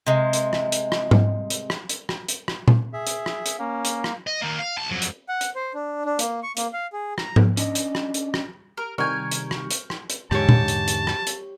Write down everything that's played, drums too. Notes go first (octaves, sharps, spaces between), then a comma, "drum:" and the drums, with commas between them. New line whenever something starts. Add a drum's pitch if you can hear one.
C3 G#3
drum: hi-hat
drum: rim click
drum: hi-hat
drum: rim click
drum: tom G#2
drum: hi-hat
drum: rim click
drum: hi-hat
drum: rim click
drum: hi-hat
drum: rim click
drum: tom A#2
G#4 E5
drum: hi-hat
drum: rim click
drum: hi-hat
A#3 C#4
drum: hi-hat
drum: rim click
D#5
D#3 A#3
F5
B1 A5
F2 F#3
drum: hi-hat
F#5
drum: hi-hat
C5
D4
D4
A#3, drum: hi-hat
C#6
A#3, drum: hi-hat
F5
G#4
A#5, drum: rim click
drum: tom
C#4 D4 D#5, drum: hi-hat
drum: hi-hat
drum: rim click
drum: hi-hat
drum: rim click
A#4
C3 D#3 G3 A#4 G#5 C#6 F6 G6
drum: hi-hat
drum: rim click
drum: hi-hat
drum: rim click
drum: hi-hat
E2 G#2 D3 G4 C#5 A5, drum: rim click
drum: tom A#2
drum: hi-hat
drum: hi-hat
drum: rim click
drum: hi-hat